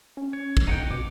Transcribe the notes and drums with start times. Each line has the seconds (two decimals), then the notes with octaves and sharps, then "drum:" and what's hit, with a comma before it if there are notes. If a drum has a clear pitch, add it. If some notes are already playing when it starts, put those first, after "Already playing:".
0.17 C#4
0.33 C#5
0.57 drum: kick
0.67 F2 D#4 F#5 G5
0.91 B2 D6